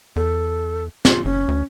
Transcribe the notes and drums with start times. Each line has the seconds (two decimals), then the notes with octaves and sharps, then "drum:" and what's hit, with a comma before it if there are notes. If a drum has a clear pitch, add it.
0.16 E2 A4
1.05 F4, drum: snare
1.25 F#1 C#4
1.48 D2